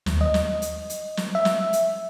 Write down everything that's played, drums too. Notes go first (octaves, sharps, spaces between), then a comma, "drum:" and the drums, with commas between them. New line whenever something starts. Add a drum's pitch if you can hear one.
D#2, drum: snare
D#5
drum: snare
drum: hi-hat
drum: hi-hat
drum: snare
E5
drum: snare
drum: hi-hat